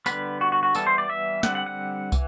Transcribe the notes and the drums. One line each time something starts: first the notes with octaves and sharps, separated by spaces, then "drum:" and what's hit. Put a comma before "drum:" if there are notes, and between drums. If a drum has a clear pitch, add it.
D3 G3 B3 B4, drum: tambourine
F#4
F#4
F#4
E3 G3 B3 A4, drum: tambourine
C5
D5
E5
D3 G3 C4 F#5, drum: snare
F#5
F#5
E3, drum: kick, tambourine